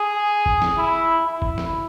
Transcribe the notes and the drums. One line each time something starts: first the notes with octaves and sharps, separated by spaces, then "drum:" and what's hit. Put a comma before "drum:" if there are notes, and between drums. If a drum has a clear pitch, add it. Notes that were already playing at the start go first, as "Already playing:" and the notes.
Already playing: G#4
drum: kick
drum: snare
E4
E4
drum: kick
drum: snare